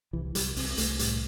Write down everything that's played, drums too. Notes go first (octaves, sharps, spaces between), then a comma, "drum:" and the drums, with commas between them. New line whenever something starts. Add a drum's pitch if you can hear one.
C2 E3
C2 G3, drum: hi-hat
C2 C4, drum: open hi-hat
C2 A3, drum: hi-hat
A2 G3, drum: hi-hat